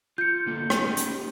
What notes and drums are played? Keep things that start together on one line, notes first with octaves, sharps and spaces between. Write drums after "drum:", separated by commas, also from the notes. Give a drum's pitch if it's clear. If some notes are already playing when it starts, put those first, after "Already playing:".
F4 G6 C#7
D3 A#3 A4
C#4 D#4 G4, drum: rim click
drum: hi-hat